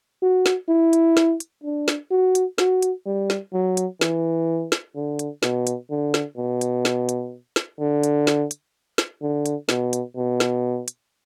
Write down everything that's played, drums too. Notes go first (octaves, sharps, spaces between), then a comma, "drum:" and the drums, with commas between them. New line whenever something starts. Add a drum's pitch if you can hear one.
F#4
drum: snare
E4
drum: hi-hat
drum: snare
drum: hi-hat
D4
drum: snare
F#4
drum: hi-hat
F#4, drum: snare
drum: hi-hat
G3
drum: snare
F#3
drum: hi-hat
E3, drum: snare
drum: snare
D3
drum: hi-hat
B2, drum: snare
drum: hi-hat
D3
drum: snare
B2
drum: hi-hat
drum: snare
drum: hi-hat
drum: snare
D3
drum: hi-hat
drum: snare
drum: hi-hat
drum: snare
D3
drum: hi-hat
B2, drum: snare
drum: hi-hat
B2
drum: snare
drum: hi-hat